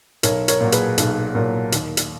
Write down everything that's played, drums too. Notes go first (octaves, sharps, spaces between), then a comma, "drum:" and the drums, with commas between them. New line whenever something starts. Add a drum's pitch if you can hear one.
B1 A#4 C#5, drum: hi-hat
A#4 C#5, drum: hi-hat
A#2 F#3
G#4 B4, drum: hi-hat
B1, drum: hi-hat
A#2 F#3
D#2, drum: hi-hat
drum: hi-hat